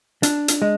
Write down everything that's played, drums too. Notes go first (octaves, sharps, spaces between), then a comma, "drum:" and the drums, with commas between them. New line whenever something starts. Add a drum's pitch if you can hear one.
D4, drum: hi-hat
drum: hi-hat
G#3